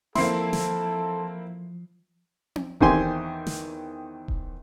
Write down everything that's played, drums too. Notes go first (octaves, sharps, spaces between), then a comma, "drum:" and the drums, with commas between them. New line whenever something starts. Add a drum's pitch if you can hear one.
F3 A#3 C4 E4 A4 C6 C7, drum: snare
drum: snare
drum: tom C4
E2 D#3 C4 G4 G#5 C6, drum: kick D#1
drum: snare
drum: kick D#1